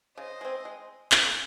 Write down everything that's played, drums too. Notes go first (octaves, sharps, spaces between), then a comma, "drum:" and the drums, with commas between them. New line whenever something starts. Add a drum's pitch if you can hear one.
C#3 C5 D#5
G#3 C4
G#3
drum: clap